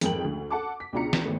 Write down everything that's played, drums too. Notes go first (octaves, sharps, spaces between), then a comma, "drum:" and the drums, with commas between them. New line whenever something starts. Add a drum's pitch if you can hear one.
A1 F2 G#2 A#4 G5 F#7, drum: hi-hat
D2
A4 F#5 A5 D6
B6
C#2 B2 D4 F4 A#5 C#7
drum: snare
G#1 A3 B3